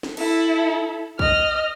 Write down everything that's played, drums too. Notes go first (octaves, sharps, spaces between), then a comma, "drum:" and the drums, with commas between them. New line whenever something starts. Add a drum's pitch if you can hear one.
drum: snare
E4 A4, drum: cymbal
D#5 F6, drum: kick